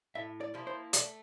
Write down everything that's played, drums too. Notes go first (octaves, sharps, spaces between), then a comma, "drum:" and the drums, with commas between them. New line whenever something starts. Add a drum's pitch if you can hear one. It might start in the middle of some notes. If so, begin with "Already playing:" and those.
A2 E5
D5
F3 A#3 E4
C5
A3 D5, drum: hi-hat